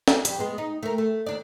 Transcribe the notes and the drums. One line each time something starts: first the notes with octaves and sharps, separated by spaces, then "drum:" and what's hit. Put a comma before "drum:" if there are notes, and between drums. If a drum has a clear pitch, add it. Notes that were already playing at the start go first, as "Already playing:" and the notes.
drum: snare
F2 G3, drum: hi-hat
G#3 B3
D#4
A3 A#4
A3
D#2 D4 D5